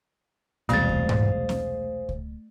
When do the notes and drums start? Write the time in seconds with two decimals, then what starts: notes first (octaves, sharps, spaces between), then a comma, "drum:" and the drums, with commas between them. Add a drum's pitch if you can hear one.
0.69 E1 C2 B2 A3 G#4 C5 F5 A6
0.89 drum: kick C#2
1.09 drum: tom G#2
1.49 drum: snare
2.09 drum: kick C#2